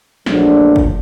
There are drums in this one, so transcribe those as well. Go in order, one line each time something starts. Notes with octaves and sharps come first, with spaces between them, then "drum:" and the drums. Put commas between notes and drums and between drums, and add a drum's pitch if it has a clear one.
A#1 A#2 F#3 A3 D4, drum: snare
drum: kick